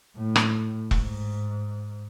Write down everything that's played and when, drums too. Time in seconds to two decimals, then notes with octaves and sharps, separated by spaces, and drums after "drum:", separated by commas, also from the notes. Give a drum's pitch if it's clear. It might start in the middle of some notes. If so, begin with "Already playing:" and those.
0.18 A2
0.36 drum: rim click
0.91 G#2, drum: kick E1